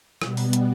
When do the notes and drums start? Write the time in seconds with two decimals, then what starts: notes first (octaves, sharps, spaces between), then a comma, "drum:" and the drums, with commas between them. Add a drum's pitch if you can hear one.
0.22 B2 G3 B3, drum: rim click
0.37 drum: open hi-hat
0.53 drum: hi-hat